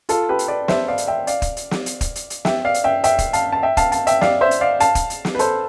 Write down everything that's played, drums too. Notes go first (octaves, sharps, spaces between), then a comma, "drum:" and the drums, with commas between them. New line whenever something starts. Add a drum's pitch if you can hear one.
F4 A4, drum: hi-hat
G4 B4
drum: hi-hat
B4 D5
C5 E5, drum: snare
D5 F5
drum: hi-hat
E5 G5
D5 F5, drum: hi-hat
drum: kick, hi-hat
drum: hi-hat
drum: snare
drum: hi-hat
drum: kick, hi-hat
drum: hi-hat
drum: hi-hat
E5 G5, drum: snare
D5 F5
drum: hi-hat
E5 G5
E5 G5, drum: hi-hat
drum: kick, hi-hat
F5 A5, drum: hi-hat
A5
E5 G5
F5 A5, drum: kick, hi-hat
F5 A5, drum: hi-hat
E5 G5, drum: hi-hat
D5 F5, drum: snare
C5 E5
drum: hi-hat
D5 F5
F5 A5, drum: hi-hat
drum: kick, hi-hat
drum: hi-hat
drum: snare
B4
A4 C5, drum: hi-hat